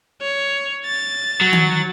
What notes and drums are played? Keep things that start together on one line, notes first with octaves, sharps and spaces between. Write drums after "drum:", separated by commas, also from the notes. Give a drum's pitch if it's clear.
C#5
A6
F#3
drum: tom D#3